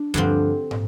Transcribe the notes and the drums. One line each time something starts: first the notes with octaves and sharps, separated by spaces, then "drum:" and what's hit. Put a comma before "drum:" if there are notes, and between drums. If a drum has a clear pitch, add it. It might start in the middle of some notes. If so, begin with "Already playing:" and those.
Already playing: D4
G2 D3 F3 C4, drum: kick D2
drum: tom